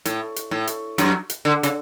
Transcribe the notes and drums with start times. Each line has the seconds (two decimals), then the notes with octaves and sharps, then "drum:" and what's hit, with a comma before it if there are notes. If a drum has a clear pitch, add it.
0.05 A2, drum: hi-hat
0.36 drum: hi-hat
0.51 A2
0.67 drum: hi-hat
0.98 F#2 F#3, drum: hi-hat
1.30 drum: hi-hat
1.45 D3
1.63 C#3, drum: hi-hat